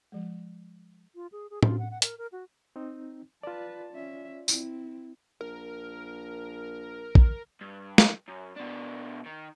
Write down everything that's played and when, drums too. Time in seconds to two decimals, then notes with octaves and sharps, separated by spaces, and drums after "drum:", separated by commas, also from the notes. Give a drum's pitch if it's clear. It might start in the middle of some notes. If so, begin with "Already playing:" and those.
0.12 F3 G#3
1.15 F4
1.32 G#4
1.50 G#4
1.63 F4, drum: tom A2
1.79 F#5
1.91 F#5
2.02 A#4, drum: hi-hat
2.18 A#4
2.32 F#4
2.76 C4 D#4
3.43 F4 B4 D5 A5
3.93 C#4 E5
4.48 C4 E4, drum: tambourine
5.41 A#1 A#4
7.15 drum: kick A#1
7.61 G2
7.98 drum: snare
8.28 F#2
8.56 B2 D4
9.26 D#3